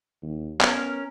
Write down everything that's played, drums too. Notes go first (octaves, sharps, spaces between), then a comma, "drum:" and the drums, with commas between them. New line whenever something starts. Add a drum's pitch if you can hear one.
D#2
B3 C#4 A#4, drum: clap